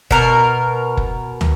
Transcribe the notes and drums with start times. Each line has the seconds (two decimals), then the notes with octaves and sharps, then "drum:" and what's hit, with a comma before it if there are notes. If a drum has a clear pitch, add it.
0.11 B2 A#4, drum: kick F#1
0.97 drum: kick F#1
1.41 drum: tom